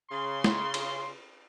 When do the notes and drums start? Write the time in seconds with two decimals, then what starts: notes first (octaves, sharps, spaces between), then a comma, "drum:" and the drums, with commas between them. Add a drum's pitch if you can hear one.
0.11 C#3 C6
0.44 drum: snare
0.74 drum: cymbal